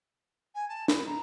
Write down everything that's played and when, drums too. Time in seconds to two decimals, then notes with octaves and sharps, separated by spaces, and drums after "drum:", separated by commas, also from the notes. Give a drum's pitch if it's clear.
0.55 G#5
0.69 A5
0.88 B5, drum: snare
1.06 A#5